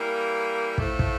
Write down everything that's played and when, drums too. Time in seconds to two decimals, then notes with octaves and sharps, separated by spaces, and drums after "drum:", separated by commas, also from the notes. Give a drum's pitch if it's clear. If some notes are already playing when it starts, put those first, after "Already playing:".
Already playing: E3 G3 A#3
0.78 A2 F3 A3, drum: kick
0.99 drum: kick